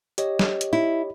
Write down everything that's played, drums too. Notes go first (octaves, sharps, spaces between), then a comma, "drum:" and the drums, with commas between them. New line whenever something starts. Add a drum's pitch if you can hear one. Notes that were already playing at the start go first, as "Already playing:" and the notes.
G4 C#5 D#5, drum: hi-hat
drum: snare
drum: hi-hat
E4